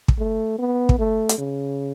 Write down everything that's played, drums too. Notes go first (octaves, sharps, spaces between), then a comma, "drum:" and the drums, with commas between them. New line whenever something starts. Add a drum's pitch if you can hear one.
drum: kick
A3
B3
drum: kick
A3
drum: hi-hat
C#3